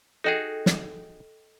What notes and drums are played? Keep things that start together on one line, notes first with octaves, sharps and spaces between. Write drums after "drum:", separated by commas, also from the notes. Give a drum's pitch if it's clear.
D#4 F#4 G#4 A4 D#5 G5
drum: snare